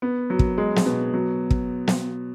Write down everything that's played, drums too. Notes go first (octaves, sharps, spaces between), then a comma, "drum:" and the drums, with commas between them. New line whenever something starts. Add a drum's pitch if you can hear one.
B3
F#3
drum: kick
G#3
drum: snare
B2
F#3
drum: kick
drum: snare